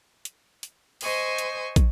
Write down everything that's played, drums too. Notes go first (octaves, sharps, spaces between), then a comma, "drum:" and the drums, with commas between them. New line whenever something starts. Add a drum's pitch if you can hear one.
drum: hi-hat
drum: hi-hat
C5 D#5 G#5 C#6, drum: open hi-hat
drum: hi-hat
drum: kick, hi-hat